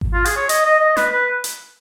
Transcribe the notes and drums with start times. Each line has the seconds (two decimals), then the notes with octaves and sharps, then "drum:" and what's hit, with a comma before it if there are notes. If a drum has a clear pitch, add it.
0.01 drum: kick G#1
0.13 F4
0.25 G#4, drum: hi-hat
0.36 C#5
0.49 D#5, drum: hi-hat
0.65 D#5
0.80 D#5
0.97 B4, drum: snare
1.12 B4
1.44 drum: hi-hat